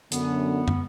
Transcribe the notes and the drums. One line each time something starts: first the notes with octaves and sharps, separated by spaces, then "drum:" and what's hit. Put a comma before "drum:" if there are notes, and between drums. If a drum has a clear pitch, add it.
F#2 D3 B3, drum: hi-hat
drum: tom